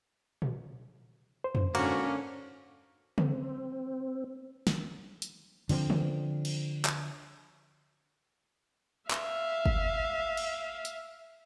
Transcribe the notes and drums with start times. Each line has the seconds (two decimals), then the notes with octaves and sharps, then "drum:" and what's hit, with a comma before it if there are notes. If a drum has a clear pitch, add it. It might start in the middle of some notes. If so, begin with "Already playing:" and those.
0.42 drum: tom A#2
1.44 C5
1.55 drum: tom F2
1.75 G#2 D3 A#3 C#4 F#4, drum: cymbal
3.18 C4, drum: tom C#3
4.67 drum: snare
5.22 drum: hi-hat
5.69 D3 F3 A#3 C4, drum: cymbal
5.90 drum: tom D3
6.45 drum: cymbal
6.85 drum: clap
9.11 E5 F5, drum: clap
9.66 drum: kick
10.37 drum: cymbal
10.85 drum: hi-hat